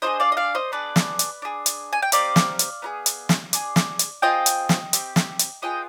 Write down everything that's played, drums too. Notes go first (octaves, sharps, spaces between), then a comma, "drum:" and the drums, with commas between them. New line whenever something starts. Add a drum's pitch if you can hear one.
D4 F4 G#4 C5 D#5
D5 F5
D#5
D5 F5
C5 D#5
B3 D4 G#4 B4 D5
drum: snare
drum: hi-hat
D4 G#4
drum: hi-hat
G#5
G5
C4 D#4 G4 D5 F5, drum: hi-hat
drum: snare
drum: hi-hat
B3 D#4 G#4
drum: hi-hat
drum: snare
D4 G#4, drum: hi-hat
drum: snare
drum: hi-hat
C4 F4 G#4 D#5 G5
drum: hi-hat
drum: snare
C4 G4, drum: hi-hat
drum: snare
drum: hi-hat
B3 F4 G#4 D#5 G5